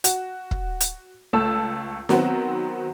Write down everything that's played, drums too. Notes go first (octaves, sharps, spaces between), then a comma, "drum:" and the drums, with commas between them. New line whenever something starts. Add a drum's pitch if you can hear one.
F#4, drum: hi-hat
drum: kick
drum: hi-hat
C#2 A3 A5 E6
D#3 F#3 B3 C4, drum: snare